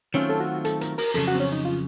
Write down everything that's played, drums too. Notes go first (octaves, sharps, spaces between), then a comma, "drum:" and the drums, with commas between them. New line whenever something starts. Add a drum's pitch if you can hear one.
D#3 F#3 A3 C4 C#4 F4
A4
F#4
A4, drum: hi-hat
A#4, drum: hi-hat
A#4, drum: open hi-hat
F2 C#3 F#3 A4, drum: hi-hat
F#4
C4
C#4
D#4
F4